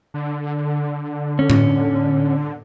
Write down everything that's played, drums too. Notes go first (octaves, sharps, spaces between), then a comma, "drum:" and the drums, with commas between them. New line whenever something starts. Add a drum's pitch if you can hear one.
D3
C#4
drum: tom A2